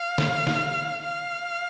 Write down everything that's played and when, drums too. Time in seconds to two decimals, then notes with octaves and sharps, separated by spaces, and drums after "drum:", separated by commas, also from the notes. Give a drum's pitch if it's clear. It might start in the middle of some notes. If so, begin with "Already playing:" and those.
Already playing: F5
0.18 drum: snare
0.47 drum: snare
1.04 F5